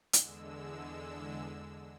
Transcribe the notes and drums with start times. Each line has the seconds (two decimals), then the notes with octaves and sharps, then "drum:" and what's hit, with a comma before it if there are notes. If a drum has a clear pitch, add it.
0.13 E2 D3 G#3 E6, drum: hi-hat